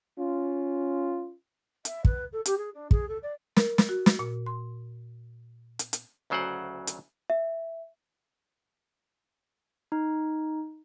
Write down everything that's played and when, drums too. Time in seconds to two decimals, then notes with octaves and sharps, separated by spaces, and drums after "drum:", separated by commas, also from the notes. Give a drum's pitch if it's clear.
0.18 C#4 F4
1.85 E5, drum: hi-hat
2.05 B4, drum: kick
2.32 A4
2.46 G4, drum: hi-hat
2.57 G#4
2.74 D4
2.91 G#4, drum: kick
3.08 A4
3.22 D5
3.57 A#4, drum: snare
3.78 drum: snare
3.89 F#4
4.06 drum: snare
4.19 A#2
4.46 C6
5.79 drum: hi-hat
5.93 drum: hi-hat
6.30 D2 C#3 F#3 C5 D5 F#5
6.87 drum: hi-hat
7.30 E5
9.92 D#4